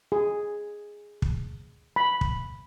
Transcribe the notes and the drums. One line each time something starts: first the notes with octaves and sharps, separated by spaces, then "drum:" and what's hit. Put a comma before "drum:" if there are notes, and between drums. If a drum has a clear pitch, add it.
G#4
drum: kick
B5
drum: kick